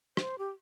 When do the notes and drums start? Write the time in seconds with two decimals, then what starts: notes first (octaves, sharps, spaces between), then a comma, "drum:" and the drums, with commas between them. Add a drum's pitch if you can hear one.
0.17 C5, drum: rim click
0.38 G4